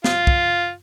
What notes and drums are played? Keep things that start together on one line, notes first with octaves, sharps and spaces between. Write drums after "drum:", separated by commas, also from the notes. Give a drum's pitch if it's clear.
F4, drum: snare
drum: kick